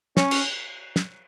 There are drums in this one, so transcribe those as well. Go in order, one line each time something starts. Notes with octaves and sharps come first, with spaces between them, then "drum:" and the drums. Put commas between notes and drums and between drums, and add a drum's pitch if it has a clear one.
C#4, drum: snare
drum: cymbal
drum: snare